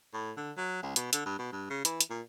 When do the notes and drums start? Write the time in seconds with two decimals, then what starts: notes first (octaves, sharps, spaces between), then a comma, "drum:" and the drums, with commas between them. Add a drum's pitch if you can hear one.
0.13 A2
0.37 D3
0.57 F#3
0.83 C#2
0.96 B2, drum: hi-hat
1.13 D3, drum: hi-hat
1.26 G2
1.39 B2
1.52 G2
1.70 C#3
1.85 E3, drum: hi-hat
2.01 drum: hi-hat
2.10 A#2